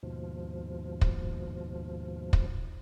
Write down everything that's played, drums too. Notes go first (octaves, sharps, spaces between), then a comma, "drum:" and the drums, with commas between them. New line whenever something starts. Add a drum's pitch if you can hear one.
D#2 G#2 B2 F3
drum: kick
drum: kick